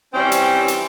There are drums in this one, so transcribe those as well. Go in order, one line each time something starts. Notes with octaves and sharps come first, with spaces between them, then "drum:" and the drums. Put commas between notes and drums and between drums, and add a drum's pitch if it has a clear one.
E3 G3 C4 C#4 C5 G5
drum: hi-hat
drum: hi-hat